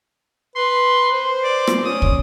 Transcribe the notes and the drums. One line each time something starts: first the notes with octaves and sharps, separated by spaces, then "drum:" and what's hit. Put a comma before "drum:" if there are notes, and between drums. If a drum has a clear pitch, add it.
B4 C6
C5
D5
drum: rim click
C#4 D#6
drum: kick